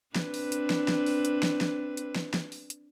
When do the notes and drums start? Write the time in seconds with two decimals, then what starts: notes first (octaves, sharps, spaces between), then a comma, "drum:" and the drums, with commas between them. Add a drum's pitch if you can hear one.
0.16 C4 D4 B4, drum: snare
0.34 drum: open hi-hat
0.52 drum: hi-hat
0.70 drum: snare
0.88 drum: snare
1.06 drum: open hi-hat
1.25 drum: hi-hat
1.43 drum: snare
1.61 drum: snare
1.97 drum: hi-hat
2.16 drum: snare
2.34 drum: snare
2.52 drum: open hi-hat
2.70 drum: hi-hat